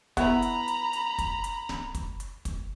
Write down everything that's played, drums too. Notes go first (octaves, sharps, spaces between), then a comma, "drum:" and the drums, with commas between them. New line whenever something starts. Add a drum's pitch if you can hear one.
B3 E4 B4 A#5 B5, drum: kick, hi-hat
drum: hi-hat
drum: hi-hat
drum: hi-hat
drum: kick, hi-hat
drum: hi-hat
drum: snare D1
drum: kick, hi-hat
drum: hi-hat
drum: kick, hi-hat